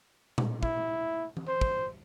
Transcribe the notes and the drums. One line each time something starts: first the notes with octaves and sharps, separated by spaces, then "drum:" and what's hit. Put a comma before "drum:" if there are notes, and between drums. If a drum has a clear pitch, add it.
drum: tom A#2
E4, drum: kick
drum: tom E3
C5
drum: kick